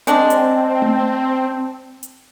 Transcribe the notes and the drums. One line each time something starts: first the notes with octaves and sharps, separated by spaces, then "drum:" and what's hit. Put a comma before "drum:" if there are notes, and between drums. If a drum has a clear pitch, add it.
G#3 C4 D4, drum: hi-hat
drum: hi-hat
drum: tom A3
drum: hi-hat